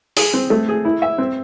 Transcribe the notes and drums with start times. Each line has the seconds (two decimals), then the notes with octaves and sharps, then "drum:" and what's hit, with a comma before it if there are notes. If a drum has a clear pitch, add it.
0.17 G#4, drum: open hi-hat
0.33 C4
0.50 A3
0.68 G#4
0.85 E4
1.02 E5
1.18 C4